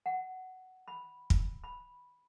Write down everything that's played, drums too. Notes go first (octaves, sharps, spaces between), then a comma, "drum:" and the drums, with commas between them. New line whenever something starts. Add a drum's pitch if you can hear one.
F#5
B5
drum: kick
B5